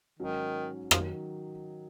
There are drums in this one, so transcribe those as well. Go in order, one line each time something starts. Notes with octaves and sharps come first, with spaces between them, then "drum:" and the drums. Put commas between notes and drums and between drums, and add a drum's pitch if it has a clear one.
G#2 D#3 F#3 C#4
D#3 F3 F#3, drum: rim click